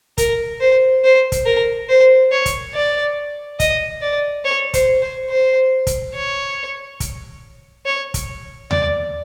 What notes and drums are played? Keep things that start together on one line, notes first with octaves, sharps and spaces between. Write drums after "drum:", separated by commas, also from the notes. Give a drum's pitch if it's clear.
A#4, drum: kick, hi-hat
C5
C5
drum: kick, hi-hat
A#4
C5
C#5
drum: kick, hi-hat
D5
D#5, drum: kick, hi-hat
D5
C#5
C5, drum: kick, hi-hat
C5
C5
drum: kick, hi-hat
C#5
drum: kick, hi-hat
C#5
drum: kick, hi-hat
D5, drum: tom D#2